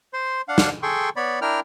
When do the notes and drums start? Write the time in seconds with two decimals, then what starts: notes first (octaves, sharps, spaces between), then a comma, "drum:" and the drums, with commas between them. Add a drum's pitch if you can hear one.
0.13 C5 C6
0.48 D4 F5 F#5
0.58 drum: snare
0.83 G#4 A4 G5 C6 C#6
1.16 B3 C#5 D5 B5
1.42 D4 E4 A#4 G5 F6